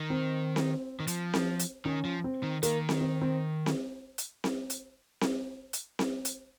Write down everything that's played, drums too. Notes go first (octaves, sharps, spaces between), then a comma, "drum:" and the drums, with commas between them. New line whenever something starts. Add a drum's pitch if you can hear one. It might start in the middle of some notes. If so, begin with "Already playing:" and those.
Already playing: D#3
C4
drum: snare C4
D#3
F3, drum: hi-hat
drum: snare C4
drum: hi-hat
D#3 C#4
F3
C4
D#3
D#3 A#3, drum: hi-hat
drum: snare C4
C4
C4
drum: snare C4
drum: hi-hat
drum: snare C4
drum: hi-hat
drum: snare C4
drum: hi-hat
drum: snare C4
drum: hi-hat